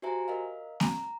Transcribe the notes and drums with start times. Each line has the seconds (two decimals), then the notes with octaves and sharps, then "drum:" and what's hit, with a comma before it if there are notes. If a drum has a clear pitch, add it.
0.02 F#4 G4 C5 E5 G#5 A#5
0.28 A#4 D#5 F5
0.80 A#5, drum: snare A#3